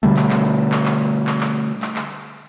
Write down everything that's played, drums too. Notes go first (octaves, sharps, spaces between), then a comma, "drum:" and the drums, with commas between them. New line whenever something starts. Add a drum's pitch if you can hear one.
B2 D3 G3 A3
drum: clap
drum: clap
drum: clap
drum: clap
drum: clap
drum: clap
drum: clap
drum: clap